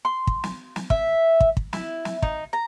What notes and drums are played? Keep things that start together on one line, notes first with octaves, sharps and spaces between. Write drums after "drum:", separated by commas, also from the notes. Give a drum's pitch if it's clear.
C6
drum: kick
drum: snare
drum: snare
E5, drum: kick
drum: kick
drum: kick
E4, drum: snare
drum: snare
D#4, drum: kick
A#5